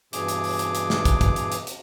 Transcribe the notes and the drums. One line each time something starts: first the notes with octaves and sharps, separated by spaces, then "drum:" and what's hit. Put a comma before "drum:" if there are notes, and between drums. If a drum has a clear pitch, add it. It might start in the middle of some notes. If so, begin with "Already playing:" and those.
G2 B2 E3 G#4 D6, drum: hi-hat
drum: hi-hat
drum: open hi-hat
drum: hi-hat
drum: hi-hat
drum: snare
drum: kick, hi-hat
drum: kick, hi-hat
drum: hi-hat
drum: hi-hat
drum: hi-hat